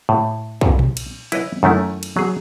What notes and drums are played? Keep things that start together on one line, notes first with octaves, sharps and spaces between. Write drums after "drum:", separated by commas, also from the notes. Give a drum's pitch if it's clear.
A2
drum: kick
drum: tom A#2
drum: cymbal
E4 B4 C#5 D#5, drum: cymbal
F#2 D#3 A3 E4
drum: cymbal
F#3 G#4